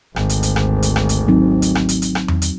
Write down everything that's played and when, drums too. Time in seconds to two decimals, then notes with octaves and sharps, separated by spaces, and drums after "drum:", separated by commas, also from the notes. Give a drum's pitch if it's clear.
0.16 G#1 D2, drum: rim click
0.29 drum: hi-hat
0.43 drum: hi-hat
0.56 drum: rim click
0.82 drum: hi-hat
0.96 drum: rim click
1.09 drum: hi-hat
1.28 F#3 C4 D#4
1.62 drum: hi-hat
1.75 drum: rim click
1.89 drum: hi-hat
2.02 drum: hi-hat
2.15 drum: rim click
2.28 drum: tom E2
2.42 drum: hi-hat